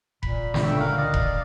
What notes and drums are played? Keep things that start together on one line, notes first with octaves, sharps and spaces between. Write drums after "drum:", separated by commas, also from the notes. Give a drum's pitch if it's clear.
A#2 B5, drum: kick F1
drum: snare
C#2 D3 E5 G5 C#6
A#4 F5 F#5
D5 D#5 F5
drum: kick F1